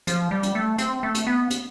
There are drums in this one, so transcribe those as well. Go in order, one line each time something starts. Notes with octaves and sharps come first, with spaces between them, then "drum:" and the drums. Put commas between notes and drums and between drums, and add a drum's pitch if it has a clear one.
F3, drum: hi-hat
G3
drum: hi-hat
A3
C4, drum: hi-hat
A3
drum: hi-hat
B3
drum: hi-hat